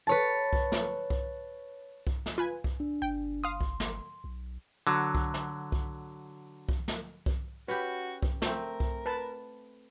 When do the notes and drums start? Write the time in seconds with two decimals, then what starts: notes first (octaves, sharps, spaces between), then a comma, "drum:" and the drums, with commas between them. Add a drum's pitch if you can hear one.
0.07 B4 C#5 A5
0.53 drum: kick C2
0.72 drum: snare
1.10 drum: kick C2
2.07 drum: kick C2
2.26 drum: snare
2.38 F4 B4 G#5
2.64 drum: kick C2
2.80 D4
3.02 G1 G5
3.44 F5 C6 D#6
3.61 drum: kick C2
3.80 drum: snare
4.24 B1
4.87 D3 F#3
5.15 drum: kick C2
5.34 drum: snare
5.72 drum: kick C2
6.69 drum: kick C2
6.88 drum: snare
7.26 drum: kick C2
7.68 C#4 F#4 G4 B4
8.23 drum: kick C2
8.42 A3 C4 A#4, drum: snare
8.80 drum: kick C2
9.06 B4 A5